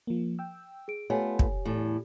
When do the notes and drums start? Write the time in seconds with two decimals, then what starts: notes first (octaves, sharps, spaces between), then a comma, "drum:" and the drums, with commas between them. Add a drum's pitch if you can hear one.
0.07 F3 A#3
0.39 G5 E6
0.88 G#4 D7
1.10 A3 B3 F4 G4 C#5 G#5
1.39 drum: kick
1.65 E2 A2